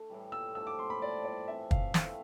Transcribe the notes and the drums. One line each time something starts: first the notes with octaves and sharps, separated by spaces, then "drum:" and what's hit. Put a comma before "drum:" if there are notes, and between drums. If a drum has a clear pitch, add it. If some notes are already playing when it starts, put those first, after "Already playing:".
Already playing: A3 D4
A2 E3 G3
E6
F3 A3 D4 G4 E6
D6
C6
B5
F3 A3 D4 G4 D5
D5
E3 A3 C4 E5
F5, drum: kick
E3 A3 C4, drum: snare